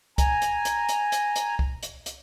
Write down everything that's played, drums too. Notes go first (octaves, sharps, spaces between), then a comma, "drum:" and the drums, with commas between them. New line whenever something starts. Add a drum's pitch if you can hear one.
G#5 A#5, drum: kick C2, hi-hat
drum: hi-hat
drum: hi-hat
drum: hi-hat
drum: hi-hat
drum: hi-hat
drum: kick C2
drum: hi-hat
drum: hi-hat